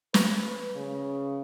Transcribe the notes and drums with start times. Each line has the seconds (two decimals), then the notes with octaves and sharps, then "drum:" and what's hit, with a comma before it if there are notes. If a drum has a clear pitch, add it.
0.14 B4, drum: snare
0.75 C#3